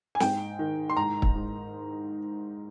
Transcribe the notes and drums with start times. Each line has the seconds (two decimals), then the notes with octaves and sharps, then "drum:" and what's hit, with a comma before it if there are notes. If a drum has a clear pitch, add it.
0.15 G#5
0.20 G#2 G5, drum: snare
0.59 D#3
0.90 C6
0.97 G#2 A#5
1.22 drum: kick
1.35 G#2